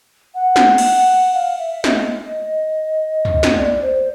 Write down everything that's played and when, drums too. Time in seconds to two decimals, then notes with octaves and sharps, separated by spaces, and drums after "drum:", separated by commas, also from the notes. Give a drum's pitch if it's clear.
0.35 F#5
0.56 drum: snare
0.78 drum: cymbal
1.34 F5
1.59 E5
1.84 D#5, drum: snare
3.25 drum: tom
3.43 drum: snare
3.57 D5
3.82 C5